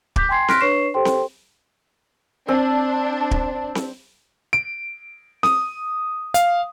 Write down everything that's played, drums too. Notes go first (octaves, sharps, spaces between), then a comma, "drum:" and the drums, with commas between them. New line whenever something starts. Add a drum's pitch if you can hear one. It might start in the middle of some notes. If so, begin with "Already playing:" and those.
D6 G6 B6, drum: kick
G5 G#5 C6 G#6 C7
C6 F6 F#6 A#6 B6 D7, drum: snare C4
D4 B4 C#5 C#6 C7 E7
G4 A4 C5 G5 C6
drum: snare C4
C4 D4
drum: kick
drum: snare C4
D7
D#6, drum: snare C4
F5, drum: hi-hat